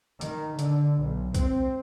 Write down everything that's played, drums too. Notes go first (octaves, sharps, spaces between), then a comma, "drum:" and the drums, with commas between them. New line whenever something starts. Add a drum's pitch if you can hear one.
D#3, drum: hi-hat
D3, drum: hi-hat
B1
C4, drum: kick C2, hi-hat